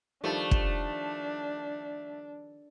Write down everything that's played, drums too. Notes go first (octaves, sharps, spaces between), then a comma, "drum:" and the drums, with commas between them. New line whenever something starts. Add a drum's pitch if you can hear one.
D#3 F3 G3 A3 D4
drum: kick